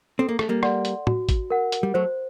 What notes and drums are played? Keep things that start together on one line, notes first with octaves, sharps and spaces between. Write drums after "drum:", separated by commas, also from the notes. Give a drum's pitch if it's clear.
C4 A4
A#3
A3, drum: rim click
G3 A#3
D5 F#5 C6, drum: rim click
drum: hi-hat
F#4, drum: tom
drum: kick A1, hi-hat
A#4 F#5
drum: hi-hat
G3
F#3 A3 C5